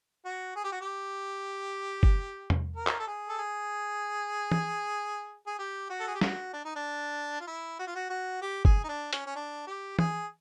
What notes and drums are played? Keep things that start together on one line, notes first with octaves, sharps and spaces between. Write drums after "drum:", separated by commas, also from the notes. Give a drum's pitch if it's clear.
F#4
G#4
G4
F#4
G4
drum: kick
drum: tom E2
A#4
drum: clap
A4
G#4
A4
G#4
drum: tom
G#4
G4
F#4
A4
G#4
G4
F#4, drum: snare
D4
D#4
D4
F4
E4
F#4
F4
F#4
F#4
G4
G#4, drum: kick
D#4
D4
C#4, drum: hi-hat
C#4
D4
G4
G#4, drum: tom